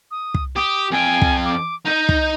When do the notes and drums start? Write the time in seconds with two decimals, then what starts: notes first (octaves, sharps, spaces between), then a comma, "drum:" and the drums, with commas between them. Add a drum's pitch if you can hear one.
0.11 D#6
0.34 drum: kick
0.56 G4 D#6
0.91 F2 G5 G#5
1.22 drum: kick
1.45 D6
1.86 D#4 D#5 G6
2.09 drum: kick